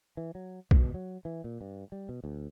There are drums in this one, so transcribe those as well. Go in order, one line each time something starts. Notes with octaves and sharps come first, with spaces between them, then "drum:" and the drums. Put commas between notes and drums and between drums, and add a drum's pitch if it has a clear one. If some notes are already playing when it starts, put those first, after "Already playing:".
E3
F#3
B2, drum: kick
F#3
E3
A#2
G2
G3
B2
D2